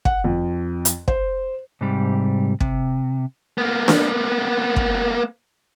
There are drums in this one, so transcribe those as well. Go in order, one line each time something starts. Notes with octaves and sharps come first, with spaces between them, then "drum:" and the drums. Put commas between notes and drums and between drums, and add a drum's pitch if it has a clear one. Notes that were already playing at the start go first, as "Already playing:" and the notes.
F#5, drum: kick
F2
drum: hi-hat
C5, drum: kick
G#2 C3 G3
C3, drum: kick
A#3 B3
drum: snare D4
drum: kick